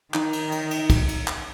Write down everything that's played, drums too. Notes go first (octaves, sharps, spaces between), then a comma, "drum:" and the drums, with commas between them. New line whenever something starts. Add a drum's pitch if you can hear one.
D#3 D#4, drum: clap
drum: cymbal
drum: cymbal
drum: cymbal
drum: kick, cymbal
drum: cymbal
drum: clap